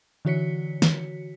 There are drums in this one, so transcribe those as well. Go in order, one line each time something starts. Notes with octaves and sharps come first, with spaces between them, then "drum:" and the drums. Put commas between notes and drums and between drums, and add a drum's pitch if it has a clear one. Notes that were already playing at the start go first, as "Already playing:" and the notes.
D3 E3 F#4 C#5 B6 C#7
drum: snare